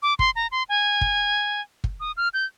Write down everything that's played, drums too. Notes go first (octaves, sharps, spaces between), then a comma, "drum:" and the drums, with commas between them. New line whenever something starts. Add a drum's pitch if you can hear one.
D6
C6, drum: kick
A#5
C6
G#5
drum: kick
drum: kick
D#6
F6
G6